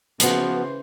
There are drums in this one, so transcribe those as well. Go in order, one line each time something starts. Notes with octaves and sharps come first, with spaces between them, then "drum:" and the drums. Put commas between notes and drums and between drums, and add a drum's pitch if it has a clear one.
C#3 E3 F3 B3 F#4 C5, drum: hi-hat